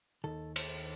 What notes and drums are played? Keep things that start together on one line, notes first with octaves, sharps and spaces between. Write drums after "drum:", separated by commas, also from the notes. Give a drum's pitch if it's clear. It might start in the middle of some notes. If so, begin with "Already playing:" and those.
D#2 D#3 A4
C5, drum: cymbal